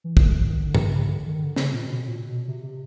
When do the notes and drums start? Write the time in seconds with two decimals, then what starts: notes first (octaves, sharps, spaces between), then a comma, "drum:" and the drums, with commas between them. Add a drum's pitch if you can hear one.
0.04 E3
0.17 D#3, drum: kick
0.28 D3
0.40 D#3
0.65 D3
0.75 drum: tom G2
0.86 C#3
1.06 D3
1.27 D#3
1.41 D3
1.56 C#3, drum: snare
1.72 A#2
1.87 B2
2.07 A#2
2.28 B2
2.48 C3
2.63 C3